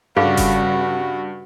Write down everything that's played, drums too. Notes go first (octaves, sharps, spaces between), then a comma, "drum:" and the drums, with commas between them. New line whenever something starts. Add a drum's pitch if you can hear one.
G2 C#3 G3 F#4 G#4 A4 F5
drum: kick F1, open hi-hat